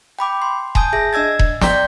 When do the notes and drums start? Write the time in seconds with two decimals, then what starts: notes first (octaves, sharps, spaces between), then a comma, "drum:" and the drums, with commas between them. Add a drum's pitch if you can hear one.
0.19 G5 B5 D6
0.42 C6
0.75 G#5 A5 D#6 G6, drum: kick E1
0.93 G#4 E5 A#6
1.13 D4 D#5 E6 G#6 A6
1.39 drum: kick E1
1.62 D5 G5 A#5 C6 G6 B6, drum: snare